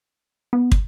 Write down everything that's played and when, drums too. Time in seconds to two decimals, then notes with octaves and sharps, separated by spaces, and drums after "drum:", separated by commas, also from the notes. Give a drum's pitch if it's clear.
0.53 B3
0.72 drum: kick